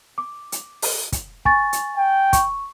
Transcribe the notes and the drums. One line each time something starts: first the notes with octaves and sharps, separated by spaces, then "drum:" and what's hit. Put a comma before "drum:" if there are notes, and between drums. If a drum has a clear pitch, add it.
D6
drum: hi-hat
drum: open hi-hat
drum: kick, hi-hat
G#5 C#6 A6, drum: kick
drum: hi-hat
G5
C#6, drum: kick, hi-hat